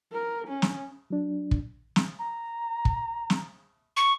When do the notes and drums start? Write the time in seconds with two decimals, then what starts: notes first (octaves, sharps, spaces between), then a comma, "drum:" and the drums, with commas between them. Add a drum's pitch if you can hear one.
0.13 A#4
0.48 C#4
0.62 drum: snare
1.10 F#3 D4
1.51 drum: kick
1.96 drum: snare
2.19 A#5
2.85 drum: kick
3.30 drum: snare
3.97 C#6